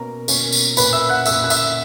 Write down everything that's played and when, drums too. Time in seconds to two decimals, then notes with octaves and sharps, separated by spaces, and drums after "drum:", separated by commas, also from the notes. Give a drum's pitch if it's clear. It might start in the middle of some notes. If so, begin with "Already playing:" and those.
Already playing: B2 A#3 C#4 A#4 A#5
0.28 B2 A#3 C#4, drum: tambourine
0.53 drum: tambourine
0.77 A#2 A#3 C#4 B4 B5, drum: tambourine
0.93 E5 E6
1.09 F#5 F#6
1.26 A#2 A#3 C#4 E5 E6, drum: tambourine
1.44 F#6
1.50 E5 E6, drum: tambourine